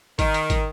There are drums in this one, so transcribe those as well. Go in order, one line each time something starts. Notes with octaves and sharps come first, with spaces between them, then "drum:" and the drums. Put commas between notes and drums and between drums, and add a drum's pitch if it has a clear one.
D#3, drum: kick, hi-hat
drum: hi-hat
drum: kick, hi-hat